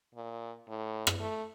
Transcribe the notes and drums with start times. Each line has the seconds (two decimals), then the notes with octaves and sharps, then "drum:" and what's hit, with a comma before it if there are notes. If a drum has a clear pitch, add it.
0.15 A#2
0.69 A2
1.07 drum: rim click
1.20 A3